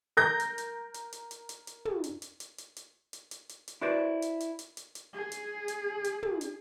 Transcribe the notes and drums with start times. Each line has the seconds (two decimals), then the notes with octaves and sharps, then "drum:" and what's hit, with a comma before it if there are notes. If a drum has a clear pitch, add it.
0.17 A#4 G6 A#6
0.40 drum: hi-hat
0.58 drum: hi-hat
0.94 drum: hi-hat
1.12 drum: hi-hat
1.31 drum: hi-hat
1.49 drum: hi-hat
1.67 drum: hi-hat
1.85 drum: tom
2.04 drum: hi-hat
2.22 drum: hi-hat
2.40 drum: hi-hat
2.58 drum: hi-hat
2.76 drum: hi-hat
3.13 drum: hi-hat
3.31 drum: hi-hat
3.49 drum: hi-hat
3.68 drum: hi-hat
3.81 E4 F#4 B4 C5 D5
4.22 drum: hi-hat
4.40 drum: hi-hat
4.59 drum: hi-hat
4.77 drum: hi-hat
4.95 drum: hi-hat
5.13 G#4
5.32 drum: hi-hat
5.68 drum: hi-hat
6.04 drum: hi-hat
6.23 drum: tom
6.41 drum: hi-hat